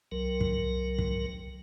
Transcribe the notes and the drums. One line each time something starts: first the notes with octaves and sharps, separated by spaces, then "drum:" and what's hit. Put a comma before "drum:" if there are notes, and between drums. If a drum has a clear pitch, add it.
C2 F#3 A#4
drum: kick
drum: kick